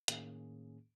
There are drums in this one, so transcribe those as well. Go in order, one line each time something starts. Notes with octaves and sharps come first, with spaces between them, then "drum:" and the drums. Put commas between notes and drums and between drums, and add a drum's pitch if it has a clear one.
A2 D#3 A#3 C#4 G#4, drum: hi-hat